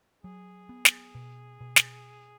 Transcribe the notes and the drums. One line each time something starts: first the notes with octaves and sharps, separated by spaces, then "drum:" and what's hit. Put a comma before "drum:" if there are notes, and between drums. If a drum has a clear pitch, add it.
F#3 G#4
B3
drum: snare
B2
B2
drum: snare